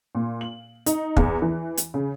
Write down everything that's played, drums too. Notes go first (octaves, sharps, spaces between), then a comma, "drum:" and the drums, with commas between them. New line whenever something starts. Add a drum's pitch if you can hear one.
A#2
F#7
D#4, drum: hi-hat
E2, drum: kick
E3
drum: hi-hat
C#3